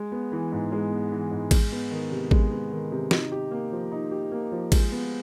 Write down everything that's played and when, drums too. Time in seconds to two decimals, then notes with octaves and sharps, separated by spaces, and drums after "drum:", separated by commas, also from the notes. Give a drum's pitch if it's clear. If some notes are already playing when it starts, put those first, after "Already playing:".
Already playing: G#3
0.12 B3
0.32 E3
0.52 G#2
0.72 G#3
0.91 B3
1.11 E3
1.31 G#2
1.51 G#3, drum: kick A1, cymbal
1.72 B3
1.91 D#3
2.11 C3
2.31 G#3, drum: kick A1
2.51 B3
2.72 D#3
2.92 C3
3.11 D#4, drum: snare
3.32 G4
3.51 A#3
3.72 F3
3.92 D#4
4.11 G4
4.32 A#3
4.52 F3
4.72 G#3, drum: kick A1, cymbal
4.92 B3